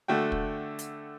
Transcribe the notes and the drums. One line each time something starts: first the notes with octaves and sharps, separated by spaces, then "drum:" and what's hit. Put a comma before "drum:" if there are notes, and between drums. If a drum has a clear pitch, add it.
D3 A3 F#4 G5
drum: kick
drum: hi-hat